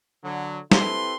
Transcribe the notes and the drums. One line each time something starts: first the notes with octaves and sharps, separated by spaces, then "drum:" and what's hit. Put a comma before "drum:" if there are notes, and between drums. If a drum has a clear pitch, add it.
D3 F#3
C4 E4 G4 A4 B4 C6, drum: snare